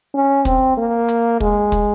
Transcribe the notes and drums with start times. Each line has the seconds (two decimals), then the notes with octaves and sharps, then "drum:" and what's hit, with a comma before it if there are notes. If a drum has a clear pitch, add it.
0.14 C#4
0.45 C4, drum: kick, hi-hat
0.77 A#3
1.08 drum: hi-hat
1.40 G#3, drum: kick
1.72 drum: kick, hi-hat